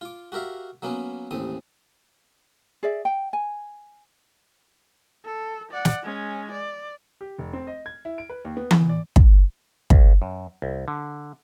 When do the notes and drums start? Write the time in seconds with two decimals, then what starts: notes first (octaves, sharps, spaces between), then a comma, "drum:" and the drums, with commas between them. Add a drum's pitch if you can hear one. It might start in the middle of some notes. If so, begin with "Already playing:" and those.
0.01 F4 D6
0.32 F#4 G4 A#4 E5 F5
0.82 F#3 A#3 B3 C#4
1.31 A1 D#2 C4 D#6
2.83 G#4 D5 E5
3.05 G5
3.33 G#5
5.25 A4
5.71 D5 F#5
5.85 drum: snare
6.03 G#3 C#4
6.52 D5
7.21 G4
7.38 F1
7.53 C4
7.67 D#5
7.86 G#6
8.05 E4
8.18 D7
8.30 B4
8.45 D#2
8.57 B3
8.71 E3, drum: tom E3
8.89 D5
9.16 drum: kick
9.90 C#2, drum: kick
10.22 F#2
10.62 C2
10.88 D3